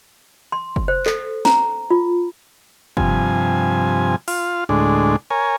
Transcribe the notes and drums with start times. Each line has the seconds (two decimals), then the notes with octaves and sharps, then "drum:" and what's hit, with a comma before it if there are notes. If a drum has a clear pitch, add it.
0.52 C6
0.76 drum: kick
0.88 C5
1.06 A4, drum: clap
1.45 A#5, drum: snare
1.90 F4
2.97 G2 C3 F3 G#5, drum: kick
4.28 F4 F5, drum: open hi-hat
4.69 D2 A2 G#3 D4
5.30 A#4 C#5 G#5